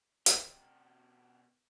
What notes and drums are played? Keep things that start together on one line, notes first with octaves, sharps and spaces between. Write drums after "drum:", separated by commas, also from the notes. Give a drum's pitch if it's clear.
B2 G4, drum: hi-hat